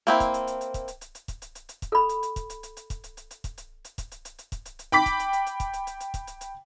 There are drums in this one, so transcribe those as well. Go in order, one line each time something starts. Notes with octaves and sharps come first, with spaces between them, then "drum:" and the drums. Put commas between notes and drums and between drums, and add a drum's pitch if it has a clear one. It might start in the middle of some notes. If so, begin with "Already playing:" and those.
A#3 C4 E4, drum: hi-hat
drum: kick, hi-hat
drum: hi-hat
drum: hi-hat
drum: hi-hat
drum: kick, hi-hat
drum: hi-hat
drum: hi-hat
drum: hi-hat
drum: kick, hi-hat
drum: hi-hat
drum: hi-hat
drum: hi-hat
drum: kick, hi-hat
A4 B5
drum: hi-hat
drum: hi-hat
drum: kick, hi-hat
drum: hi-hat
drum: hi-hat
drum: hi-hat
drum: kick, hi-hat
drum: hi-hat
drum: hi-hat
drum: hi-hat
drum: kick, hi-hat
drum: hi-hat
drum: hi-hat
drum: kick, hi-hat
drum: hi-hat
drum: hi-hat
drum: hi-hat
drum: kick, hi-hat
drum: hi-hat
drum: hi-hat
G5 B5 D6 B6, drum: hi-hat
drum: kick, hi-hat
drum: hi-hat
drum: hi-hat
drum: hi-hat
drum: kick, hi-hat
drum: hi-hat
drum: hi-hat
drum: hi-hat
drum: kick, hi-hat
drum: hi-hat
drum: hi-hat